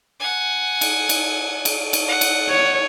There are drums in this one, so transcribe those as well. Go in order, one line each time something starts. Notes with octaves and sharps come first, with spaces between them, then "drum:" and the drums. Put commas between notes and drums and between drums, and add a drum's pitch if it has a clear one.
F#5 G#5
drum: cymbal
drum: cymbal
drum: cymbal
drum: cymbal
F#5
drum: cymbal
C#5